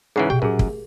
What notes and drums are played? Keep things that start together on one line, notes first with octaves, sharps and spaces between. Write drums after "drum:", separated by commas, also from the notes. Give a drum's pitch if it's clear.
G#2 C#3 E3 G#4 F#5
B2 G4 G5
F#2 A2 G#4 A#4
A3, drum: kick